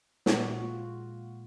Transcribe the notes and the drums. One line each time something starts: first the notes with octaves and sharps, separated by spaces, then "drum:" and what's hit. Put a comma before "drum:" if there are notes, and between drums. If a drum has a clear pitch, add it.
A#2 G#3 F#4, drum: snare
F#4
F4